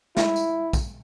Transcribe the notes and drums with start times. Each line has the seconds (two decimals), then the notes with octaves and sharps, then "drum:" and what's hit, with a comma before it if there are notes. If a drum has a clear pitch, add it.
0.17 E4, drum: snare
0.36 drum: tambourine
0.73 drum: kick A#1, tambourine